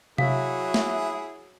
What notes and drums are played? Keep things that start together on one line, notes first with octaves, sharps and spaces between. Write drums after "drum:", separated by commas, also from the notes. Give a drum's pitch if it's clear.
F#3 E4 G#4 E5 F5, drum: tom C3
drum: snare